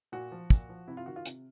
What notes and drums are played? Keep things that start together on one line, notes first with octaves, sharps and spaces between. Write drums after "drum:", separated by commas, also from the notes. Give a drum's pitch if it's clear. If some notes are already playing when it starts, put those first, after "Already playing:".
A#2 F#4
F3
A#2, drum: kick
F3
C3 E4
F4
D#3 F#4
F4
C3, drum: hi-hat